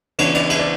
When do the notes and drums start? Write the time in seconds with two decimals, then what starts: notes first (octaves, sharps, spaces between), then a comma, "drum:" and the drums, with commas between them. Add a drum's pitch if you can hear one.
0.19 C#3 E3 B3 D4 C#5, drum: cymbal
0.34 D5, drum: cymbal
0.50 E5, drum: cymbal
0.59 D5